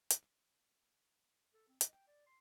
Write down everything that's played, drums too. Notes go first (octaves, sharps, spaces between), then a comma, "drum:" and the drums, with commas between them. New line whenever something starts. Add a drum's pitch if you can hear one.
drum: hi-hat
A4
C4
D#5, drum: hi-hat
G5
D5
C6